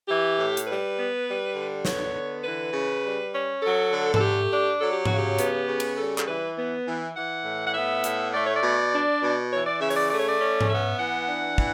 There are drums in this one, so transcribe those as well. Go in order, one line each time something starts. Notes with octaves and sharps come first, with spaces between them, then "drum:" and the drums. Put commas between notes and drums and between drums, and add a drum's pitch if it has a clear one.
E3 G4
A2
drum: hi-hat
G3 B4
B3
G3
D3
B3 C#5, drum: snare
D3
E3 B4
C#3
G3
C#4
F#3 A4
D3
A4, drum: tom G#2
A3 G4
D4
F#3 A4
G4
C#3 F#4, drum: tom G#2
G4
B3, drum: hi-hat
C#3
drum: cymbal
G3 A4
A4, drum: clap
E3 B4
B3
E3
E3 F#5
A2
F#5
B3 E5
A2, drum: hi-hat
A3 D5
C#5
D5
B2
D4
B2
E3 C#5
D5
C#3 E5
C#5, drum: open hi-hat
D5
A3 D5
C#5
D5
C#4
drum: tom G#2
B3 E5
E3 F#5
D4
E3, drum: kick